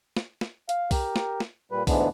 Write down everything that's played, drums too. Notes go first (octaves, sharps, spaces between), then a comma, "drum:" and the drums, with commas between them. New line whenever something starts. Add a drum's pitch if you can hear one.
drum: snare
drum: snare
F5, drum: hi-hat
G4 A#4, drum: kick B1, open hi-hat
drum: snare
drum: snare
A#2 G3 B4
D2 G#2 E3 G#3 B3 D4, drum: kick B1, open hi-hat